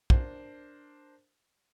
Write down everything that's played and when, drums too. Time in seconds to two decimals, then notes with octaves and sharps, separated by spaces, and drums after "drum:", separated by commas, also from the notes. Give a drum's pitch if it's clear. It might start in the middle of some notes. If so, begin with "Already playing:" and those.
0.10 D4 A#4 C5, drum: kick